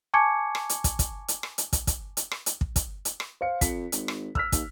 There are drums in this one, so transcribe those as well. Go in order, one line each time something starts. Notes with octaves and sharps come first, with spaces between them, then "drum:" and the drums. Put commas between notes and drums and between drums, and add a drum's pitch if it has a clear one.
G#5 A5 C#6 D6 G#6 C#7
drum: rim click
drum: hi-hat
drum: kick, hi-hat
drum: kick, hi-hat
drum: hi-hat
drum: rim click
drum: hi-hat
drum: kick, hi-hat
drum: kick, hi-hat
drum: hi-hat
drum: rim click
drum: hi-hat
drum: kick
drum: kick, hi-hat
drum: hi-hat
drum: rim click
C5 F5 C#7
F2 B6, drum: kick, hi-hat
G#1, drum: hi-hat
drum: rim click
E6 F6 B6, drum: kick
D#2, drum: kick, hi-hat